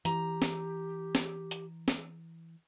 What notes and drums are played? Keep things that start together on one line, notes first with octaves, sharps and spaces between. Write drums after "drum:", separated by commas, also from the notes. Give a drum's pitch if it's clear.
E3 G4 A#5, drum: hi-hat
drum: snare
drum: snare
drum: hi-hat
drum: snare